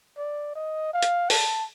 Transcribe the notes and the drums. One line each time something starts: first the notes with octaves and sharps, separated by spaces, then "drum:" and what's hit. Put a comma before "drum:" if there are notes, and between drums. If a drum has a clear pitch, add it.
D5
D#5
F5
drum: hi-hat
A5, drum: open hi-hat